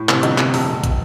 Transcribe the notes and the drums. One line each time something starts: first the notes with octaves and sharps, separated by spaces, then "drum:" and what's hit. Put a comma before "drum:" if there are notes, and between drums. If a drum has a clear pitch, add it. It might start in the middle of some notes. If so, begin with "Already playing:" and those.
Already playing: A2
C3, drum: clap
G1, drum: hi-hat
C3, drum: clap
F1, drum: open hi-hat
F1
drum: kick, hi-hat